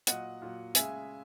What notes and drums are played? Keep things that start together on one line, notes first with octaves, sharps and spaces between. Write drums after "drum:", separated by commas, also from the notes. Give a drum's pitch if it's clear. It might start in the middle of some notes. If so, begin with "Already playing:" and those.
A#2 F#3 D#5 F#5, drum: hi-hat
A#2 F#3
C#3 G#3 E5 G#5, drum: hi-hat